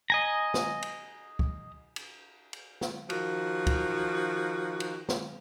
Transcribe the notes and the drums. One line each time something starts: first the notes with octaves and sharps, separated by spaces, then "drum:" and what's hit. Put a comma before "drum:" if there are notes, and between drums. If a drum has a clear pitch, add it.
D#5 G#5 A#5
drum: snare
drum: cymbal
drum: kick
drum: cymbal
drum: cymbal
drum: snare
D#3 F3 F#4, drum: cymbal
drum: kick, cymbal
drum: cymbal
drum: snare